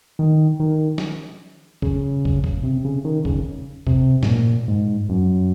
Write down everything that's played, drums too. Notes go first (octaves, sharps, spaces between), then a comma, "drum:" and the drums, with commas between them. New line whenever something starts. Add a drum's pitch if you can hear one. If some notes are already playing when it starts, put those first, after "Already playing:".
D#3
D#3
drum: snare
C#3, drum: kick
drum: kick
drum: kick
C3
C#3
D#3
C#3, drum: kick
C3, drum: kick
G#2, drum: snare
A#2
G#2
F#2